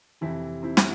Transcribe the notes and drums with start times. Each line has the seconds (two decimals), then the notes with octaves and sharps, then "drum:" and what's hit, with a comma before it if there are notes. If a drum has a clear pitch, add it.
0.21 F2 C3 E3 C4 E4
0.63 C4 E4
0.77 drum: snare